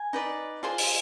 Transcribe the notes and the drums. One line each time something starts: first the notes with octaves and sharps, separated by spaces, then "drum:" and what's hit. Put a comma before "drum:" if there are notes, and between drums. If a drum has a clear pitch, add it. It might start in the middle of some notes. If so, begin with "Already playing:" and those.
Already playing: G#5
D#4 B4 D5
F4 G#4 C5 C6
drum: open hi-hat